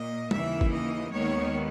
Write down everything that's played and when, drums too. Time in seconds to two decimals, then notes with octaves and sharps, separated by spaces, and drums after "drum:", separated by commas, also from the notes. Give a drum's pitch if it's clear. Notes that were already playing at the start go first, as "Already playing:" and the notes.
Already playing: A#2 A#3 D#5
0.31 D#2 C#3 E3 A#3 E5, drum: tom G3
0.61 drum: kick G1
0.71 D#5
1.11 D#2 D#3 G#3 B3 C#5